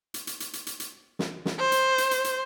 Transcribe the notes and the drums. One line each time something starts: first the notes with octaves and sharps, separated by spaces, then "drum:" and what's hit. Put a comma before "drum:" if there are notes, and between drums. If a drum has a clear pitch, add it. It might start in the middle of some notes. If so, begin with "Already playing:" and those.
drum: hi-hat
drum: hi-hat
drum: hi-hat
drum: hi-hat
drum: hi-hat
drum: hi-hat
drum: snare
drum: snare
C5
drum: hi-hat
drum: hi-hat
drum: hi-hat
drum: hi-hat